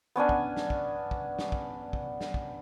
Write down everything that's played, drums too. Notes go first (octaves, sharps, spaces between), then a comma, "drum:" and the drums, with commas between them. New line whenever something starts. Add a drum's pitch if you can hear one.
B3 C#4 D4 G#5
drum: kick
drum: snare
drum: kick
drum: kick
drum: snare
drum: kick
drum: kick
drum: snare
drum: kick